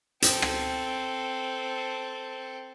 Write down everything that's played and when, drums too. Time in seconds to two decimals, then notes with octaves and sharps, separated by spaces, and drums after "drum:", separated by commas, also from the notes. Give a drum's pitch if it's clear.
0.22 C4 A4, drum: hi-hat
0.42 drum: rim click